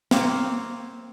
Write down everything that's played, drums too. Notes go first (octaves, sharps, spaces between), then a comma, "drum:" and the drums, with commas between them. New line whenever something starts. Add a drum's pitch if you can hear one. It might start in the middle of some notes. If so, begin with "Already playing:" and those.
A#3 C4 C#5 F5, drum: snare